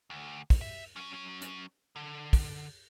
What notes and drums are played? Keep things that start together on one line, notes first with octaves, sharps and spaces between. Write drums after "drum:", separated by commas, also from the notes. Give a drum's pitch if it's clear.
D2
drum: kick, open hi-hat
E5
F#3 C#4
drum: hi-hat
D3
drum: kick, open hi-hat